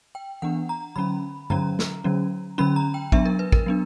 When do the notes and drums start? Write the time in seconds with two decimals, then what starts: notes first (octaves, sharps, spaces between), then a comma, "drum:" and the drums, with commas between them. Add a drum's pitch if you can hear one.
0.15 G5
0.42 E3 B3 D4 F#5
0.69 A#5
0.96 D3 F#3 C#4 B5
1.50 D3 F#3 C#4 A#5, drum: tom G2
1.79 drum: snare
2.04 D3 F#3 C#4
2.58 D3 F#3 C#4 B5
2.76 A#5
2.94 G5
3.12 F#3 B3 D4 E5, drum: kick
3.25 A#4
3.39 B4
3.52 A#4, drum: kick
3.66 F#3 B3 D4